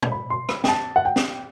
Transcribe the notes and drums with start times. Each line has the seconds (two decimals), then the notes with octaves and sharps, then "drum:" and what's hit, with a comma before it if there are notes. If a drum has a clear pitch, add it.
0.02 drum: tom A#2
0.12 B5
0.30 C6
0.49 B5, drum: rim click
0.64 G5, drum: snare
0.68 A5
0.96 F#5
1.05 G5
1.16 drum: snare